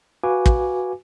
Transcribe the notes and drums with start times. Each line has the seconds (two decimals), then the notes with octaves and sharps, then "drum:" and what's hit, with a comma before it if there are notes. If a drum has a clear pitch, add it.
0.24 F#4 B4 F5 G#5 D6
0.46 drum: kick